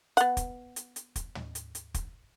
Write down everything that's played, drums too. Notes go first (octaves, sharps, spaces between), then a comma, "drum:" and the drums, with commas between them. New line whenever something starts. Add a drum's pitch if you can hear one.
B3 F#5, drum: hi-hat
drum: kick, hi-hat
drum: hi-hat
drum: hi-hat
drum: kick, hi-hat
drum: tom
drum: hi-hat
drum: hi-hat
drum: kick, hi-hat